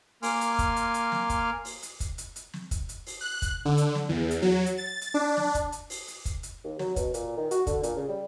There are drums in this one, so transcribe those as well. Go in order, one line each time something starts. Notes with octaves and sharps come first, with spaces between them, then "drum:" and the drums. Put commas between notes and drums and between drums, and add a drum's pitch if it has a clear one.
A#3 G#5 C6 D6 F6, drum: open hi-hat
drum: hi-hat
drum: kick, hi-hat
drum: hi-hat
drum: hi-hat
drum: snare
drum: kick, hi-hat
drum: open hi-hat
drum: hi-hat
drum: kick, hi-hat
drum: hi-hat
drum: hi-hat
drum: snare
drum: kick, hi-hat
drum: hi-hat
drum: open hi-hat
F#6
drum: kick, hi-hat
D3
drum: hi-hat
drum: snare
E2
drum: hi-hat
F#3
drum: hi-hat
A6
drum: hi-hat
D4
drum: snare
drum: kick, hi-hat
drum: hi-hat
drum: open hi-hat
drum: hi-hat
drum: kick, hi-hat
drum: hi-hat
D#2
F#3, drum: snare
B2, drum: kick, hi-hat
A#2, drum: hi-hat
D#3
F#4, drum: hi-hat
D3, drum: kick, hi-hat
A#2, drum: hi-hat
C#3
G3